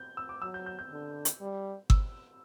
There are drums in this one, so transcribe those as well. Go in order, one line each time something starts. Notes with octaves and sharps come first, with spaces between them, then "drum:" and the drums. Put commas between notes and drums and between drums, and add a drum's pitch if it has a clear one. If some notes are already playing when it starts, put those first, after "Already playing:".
Already playing: G6
E6
D6
F#3 E6
G6
G6
G6
D3
drum: hi-hat
G3
E6, drum: kick G1